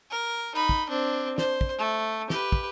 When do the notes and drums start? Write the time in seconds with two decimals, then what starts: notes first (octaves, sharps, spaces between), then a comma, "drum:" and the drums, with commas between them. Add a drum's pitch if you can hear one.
0.11 A#4
0.55 D#4 B5
0.69 drum: kick
0.90 C4 D4
1.38 C5, drum: snare
1.61 drum: kick
1.78 A3
2.30 G4 B4, drum: snare
2.52 drum: kick